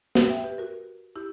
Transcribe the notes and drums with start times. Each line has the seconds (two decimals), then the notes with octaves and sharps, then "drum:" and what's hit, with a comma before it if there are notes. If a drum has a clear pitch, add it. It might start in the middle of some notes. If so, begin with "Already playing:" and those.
0.15 drum: snare
0.30 E5 G5
0.44 G4 B4
0.58 F#4 A#4
1.16 E4 G4